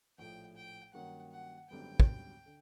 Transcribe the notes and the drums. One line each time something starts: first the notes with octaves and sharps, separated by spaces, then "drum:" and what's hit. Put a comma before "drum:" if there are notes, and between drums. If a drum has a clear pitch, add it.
A#1 A2 F3 A3 G5
G5
G2 D#3 F#3 A#3 C#4 F#5
F#5
G#1 F#2 D3 G3 B3 G5
drum: kick
D3